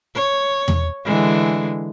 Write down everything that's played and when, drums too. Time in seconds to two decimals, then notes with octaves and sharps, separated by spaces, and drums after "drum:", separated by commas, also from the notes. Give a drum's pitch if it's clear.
0.15 C#5
0.68 drum: tom E2
1.05 D3 E3 G#3